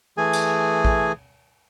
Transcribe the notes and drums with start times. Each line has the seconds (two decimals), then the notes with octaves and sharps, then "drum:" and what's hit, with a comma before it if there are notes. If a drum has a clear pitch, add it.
0.17 E3 A3 G#4 G#5
0.33 drum: cymbal
0.85 drum: kick A1